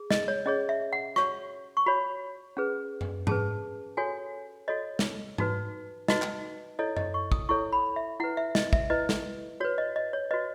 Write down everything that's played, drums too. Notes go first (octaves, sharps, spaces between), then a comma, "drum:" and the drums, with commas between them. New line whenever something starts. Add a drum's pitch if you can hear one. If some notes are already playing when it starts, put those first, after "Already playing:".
Already playing: G#4
D#5, drum: snare
C#5
C#4 G#4 C#5 D#5
E5
F#5
F#4 C#5 C#6, drum: rim click
C#6
F#4 C#5 B5
C#4 G#4 B4
drum: tom F#2
C#4 G#4 B4 A5, drum: tom G#2
F#4 A4 C#5 G#5
F#4 A4 C#5 D#5
drum: snare
D#4 F#4 B4, drum: tom G#2
D#4 F#4 B4 D#5, drum: snare
drum: clap
E4 A4 C#5 D#5
D#5, drum: tom F#2
C#6
D#6, drum: kick
E4 A4 C#5 C#6
B5
E5
E4 B4 F#5
E5
D#5, drum: snare
E5, drum: kick
E4 B4 D#5
drum: snare
F#4 B4 C#5
D#5
D#5
C#5
F#4 B4 D#5